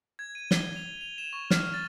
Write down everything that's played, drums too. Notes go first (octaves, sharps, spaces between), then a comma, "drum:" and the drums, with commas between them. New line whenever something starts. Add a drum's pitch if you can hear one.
G#6
D#7
G7, drum: snare
F7
F7
E7
C#6
F6, drum: snare
A6